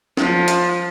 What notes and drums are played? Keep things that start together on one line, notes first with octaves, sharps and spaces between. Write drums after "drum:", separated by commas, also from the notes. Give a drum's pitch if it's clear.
F3, drum: snare
drum: hi-hat